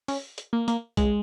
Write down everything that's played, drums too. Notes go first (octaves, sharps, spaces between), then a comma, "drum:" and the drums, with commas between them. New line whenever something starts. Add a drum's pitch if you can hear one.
C#4, drum: open hi-hat
drum: hi-hat
A#3
A#3, drum: hi-hat
G#3, drum: kick B1, hi-hat